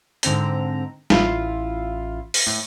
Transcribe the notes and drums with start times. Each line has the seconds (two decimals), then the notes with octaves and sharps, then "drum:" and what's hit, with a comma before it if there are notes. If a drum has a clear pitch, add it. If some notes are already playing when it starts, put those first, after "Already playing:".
0.23 G#2 D3 C4 A#5, drum: hi-hat
1.10 A1 E4 F4, drum: snare
2.34 drum: open hi-hat
2.47 A2